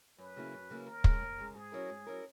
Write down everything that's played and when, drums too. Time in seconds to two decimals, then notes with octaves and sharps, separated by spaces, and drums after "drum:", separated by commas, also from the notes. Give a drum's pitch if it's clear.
0.18 F#2 B4
0.36 C#3 F#3 A#3 E4
0.54 F#2
0.70 C#3 F#3 A#3 E4
0.86 D#2 A#4
1.04 C#3 G#3, drum: kick
1.21 D#2
1.38 C#3 G#3
1.55 G#2 G#4
1.72 F#3 C#4 E4 A#4
1.89 G#2
2.07 F#3 C#4 E4 A#4